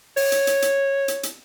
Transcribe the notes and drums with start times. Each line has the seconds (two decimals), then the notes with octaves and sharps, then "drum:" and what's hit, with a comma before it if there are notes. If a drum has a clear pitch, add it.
0.17 C#5, drum: open hi-hat
0.32 drum: hi-hat
0.47 drum: hi-hat
0.62 drum: hi-hat
1.08 drum: hi-hat
1.23 drum: hi-hat